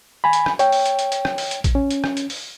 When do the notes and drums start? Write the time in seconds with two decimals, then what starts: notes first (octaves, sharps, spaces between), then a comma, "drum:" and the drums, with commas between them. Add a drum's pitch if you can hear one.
0.24 G#5 B5
0.33 drum: hi-hat
0.46 drum: rim click
0.59 C#5 G5, drum: hi-hat
0.72 drum: open hi-hat
0.86 drum: hi-hat
0.99 drum: hi-hat
1.12 drum: hi-hat
1.25 drum: rim click
1.38 drum: open hi-hat
1.51 drum: hi-hat
1.64 drum: kick, hi-hat
1.75 C#4
1.91 drum: hi-hat
2.04 drum: rim click
2.17 drum: hi-hat
2.30 drum: open hi-hat